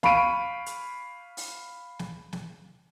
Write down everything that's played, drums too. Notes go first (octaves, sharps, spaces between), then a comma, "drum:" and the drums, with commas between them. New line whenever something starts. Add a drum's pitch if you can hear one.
F5 B5 C#6 D7 D#7, drum: snare
drum: hi-hat
drum: open hi-hat
drum: snare
drum: snare